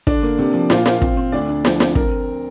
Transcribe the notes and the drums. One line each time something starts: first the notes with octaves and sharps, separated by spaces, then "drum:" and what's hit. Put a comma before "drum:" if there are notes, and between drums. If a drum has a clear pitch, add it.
D3 D4 D5, drum: kick
A#3
C3
F3
A#2 F4 F5, drum: snare
A#3, drum: snare
C4, drum: kick
C4
D2 D4 D5
D2
F3, drum: snare
C4, drum: snare
A#4, drum: kick